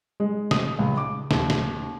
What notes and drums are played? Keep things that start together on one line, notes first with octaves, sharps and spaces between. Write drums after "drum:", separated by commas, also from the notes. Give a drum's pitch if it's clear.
G#3
D#6, drum: snare
C#2
D6
D#2, drum: snare
drum: snare